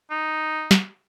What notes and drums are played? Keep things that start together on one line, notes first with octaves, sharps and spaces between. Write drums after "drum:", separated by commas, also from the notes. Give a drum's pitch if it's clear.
D#4
drum: snare